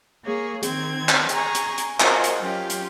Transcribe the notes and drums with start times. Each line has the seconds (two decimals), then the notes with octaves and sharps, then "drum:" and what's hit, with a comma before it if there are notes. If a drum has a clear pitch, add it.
0.25 A#3 G#4 C#5
0.63 D#3 C4 G#6, drum: hi-hat
1.09 drum: clap
1.29 G#4 G#5 A#5 C#6, drum: hi-hat
1.55 drum: hi-hat
1.78 drum: hi-hat
2.00 F4 F#4 G#4 A#4 C5 D#5, drum: clap
2.24 drum: hi-hat
2.39 F#3 C#4 F4 G4
2.70 drum: hi-hat